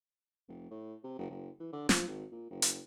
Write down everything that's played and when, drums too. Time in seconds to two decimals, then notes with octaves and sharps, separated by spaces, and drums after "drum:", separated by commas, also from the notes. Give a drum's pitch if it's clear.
0.49 F1
0.71 A2
1.04 C3
1.19 F#1
1.30 F#1
1.60 E3
1.73 D3
1.89 F3, drum: snare
2.08 G#1
2.32 A#2
2.50 F#1
2.62 drum: hi-hat